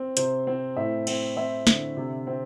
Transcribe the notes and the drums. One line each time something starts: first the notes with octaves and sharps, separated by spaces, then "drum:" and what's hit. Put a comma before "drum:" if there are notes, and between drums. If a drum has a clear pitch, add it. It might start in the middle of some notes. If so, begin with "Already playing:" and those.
Already playing: C4
C3 C5, drum: hi-hat
C4
A2 E5
C4, drum: cymbal
C4 E5
D3, drum: snare
C3
C4